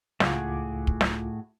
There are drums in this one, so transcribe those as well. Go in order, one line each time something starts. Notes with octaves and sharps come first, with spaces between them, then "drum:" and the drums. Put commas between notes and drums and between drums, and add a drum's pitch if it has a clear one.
C#2 A2 F4 F#4 G#4 D6, drum: snare
drum: kick
drum: snare